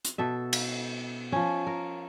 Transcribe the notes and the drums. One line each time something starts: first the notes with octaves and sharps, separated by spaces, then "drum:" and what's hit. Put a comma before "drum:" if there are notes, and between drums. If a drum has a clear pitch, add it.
drum: hi-hat
B2 A4 E5
drum: cymbal
F3 C#4
A#4